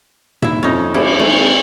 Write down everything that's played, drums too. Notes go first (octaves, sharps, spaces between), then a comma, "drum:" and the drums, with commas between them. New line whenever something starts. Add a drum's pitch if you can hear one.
D#2 E4 E5, drum: tom
F2 C#4 D#4
F#1 G3 E4, drum: cymbal
G#1 A3